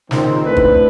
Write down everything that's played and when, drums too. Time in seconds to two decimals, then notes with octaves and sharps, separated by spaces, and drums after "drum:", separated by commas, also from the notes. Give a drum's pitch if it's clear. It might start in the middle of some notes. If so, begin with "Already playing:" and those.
0.11 C#2 A#2 D#3 C4, drum: snare
0.46 A3 C4 D4 E4 A4 B4
0.57 drum: kick